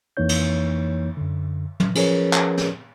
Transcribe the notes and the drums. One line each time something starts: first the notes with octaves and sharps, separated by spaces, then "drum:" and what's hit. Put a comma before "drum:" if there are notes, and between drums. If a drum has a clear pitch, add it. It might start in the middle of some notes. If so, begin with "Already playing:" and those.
F2 E3 A#3 D#4 C#5 G6
drum: cymbal
F#2 D3
drum: tom
F3 C#4 G#4 A#4 B4 C#5, drum: cymbal
drum: clap
drum: snare